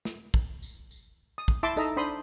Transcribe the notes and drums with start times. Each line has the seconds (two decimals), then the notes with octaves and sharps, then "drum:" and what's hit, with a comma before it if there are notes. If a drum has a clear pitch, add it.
0.05 drum: snare
0.34 drum: kick
0.62 drum: tambourine
0.91 drum: tambourine
1.38 D#6
1.48 drum: kick
1.63 E4 E5 A5 C6 D6
1.77 D#4 A4 D#5 E5 A#5, drum: tambourine
1.97 D4 C5 B5 C6 D#6